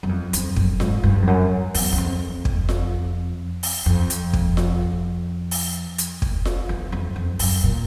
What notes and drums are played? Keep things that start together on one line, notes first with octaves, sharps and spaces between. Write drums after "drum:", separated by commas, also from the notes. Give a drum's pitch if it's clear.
F#2
F2
F2, drum: hi-hat
F#2, drum: kick
G#2, drum: snare F4
G2
F2
F#2
E2, drum: open hi-hat
E2
F2
drum: kick
drum: snare F4
drum: open hi-hat
F2
drum: hi-hat
drum: kick
drum: snare F4
drum: open hi-hat
drum: hi-hat
drum: kick
drum: snare F4
E2
F2
F2
F#2, drum: open hi-hat
A#2